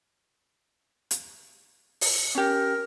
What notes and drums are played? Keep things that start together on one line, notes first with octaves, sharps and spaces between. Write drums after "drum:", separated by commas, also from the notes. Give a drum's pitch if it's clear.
drum: hi-hat
drum: open hi-hat
C#4 G4 A#4